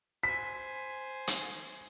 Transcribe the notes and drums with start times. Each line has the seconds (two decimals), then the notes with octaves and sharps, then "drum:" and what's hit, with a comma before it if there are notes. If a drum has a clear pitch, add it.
0.23 C5 G#5 B6
1.27 drum: hi-hat